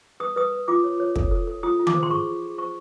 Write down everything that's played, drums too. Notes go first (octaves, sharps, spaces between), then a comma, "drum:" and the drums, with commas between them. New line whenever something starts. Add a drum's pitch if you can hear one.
B4 D#6
B4 D#6
B4
F4 D6
C#5
C#5
A4, drum: kick
A4
A4
F4 D#6
F4
D6, drum: tom D#3
C5
C6
G#4 C#6
F4
G#4
C5 C#6